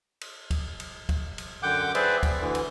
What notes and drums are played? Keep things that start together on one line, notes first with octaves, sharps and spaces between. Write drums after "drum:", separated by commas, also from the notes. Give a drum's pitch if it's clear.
drum: cymbal
drum: kick, cymbal
drum: cymbal
drum: kick, cymbal
drum: cymbal
F#2 D3 F#5 G5 D6 G6
G#4 B4 C5 D5 E5, drum: cymbal
B3, drum: kick, cymbal
D2 D3 E3
drum: cymbal